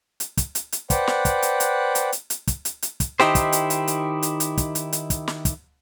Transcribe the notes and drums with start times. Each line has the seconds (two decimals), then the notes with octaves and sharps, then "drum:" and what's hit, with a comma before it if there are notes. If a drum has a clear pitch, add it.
0.20 drum: hi-hat
0.37 drum: kick, hi-hat
0.55 drum: hi-hat
0.72 drum: hi-hat
0.90 B4 C5 D5 F#5 G5, drum: kick, hi-hat
1.07 drum: snare
1.25 drum: kick, hi-hat
1.42 drum: hi-hat
1.60 drum: hi-hat
1.95 drum: hi-hat
2.12 drum: hi-hat
2.30 drum: hi-hat
2.47 drum: kick, hi-hat
2.65 drum: hi-hat
2.82 drum: hi-hat
3.00 drum: kick, hi-hat
3.20 D#3 D#4 E4 G4 C5, drum: snare
3.35 drum: kick, hi-hat
3.52 drum: hi-hat
3.70 drum: hi-hat
3.88 drum: hi-hat
4.23 drum: hi-hat
4.40 drum: hi-hat
4.58 drum: kick, hi-hat
4.75 drum: hi-hat
4.93 drum: hi-hat
5.10 drum: kick, hi-hat
5.28 drum: snare
5.45 drum: kick, hi-hat